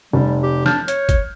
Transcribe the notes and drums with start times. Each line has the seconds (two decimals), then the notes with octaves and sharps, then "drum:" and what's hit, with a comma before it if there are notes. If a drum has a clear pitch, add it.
0.13 F1 G3
0.43 G4
0.66 D4 F6 G6, drum: snare
0.88 C#5, drum: hi-hat
1.09 drum: kick G#1, hi-hat